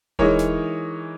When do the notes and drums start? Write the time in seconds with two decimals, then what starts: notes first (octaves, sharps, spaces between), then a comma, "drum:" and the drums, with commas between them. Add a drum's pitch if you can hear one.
0.19 E3 G#3 D#4 A#4 C#5, drum: kick D#1
0.39 drum: snare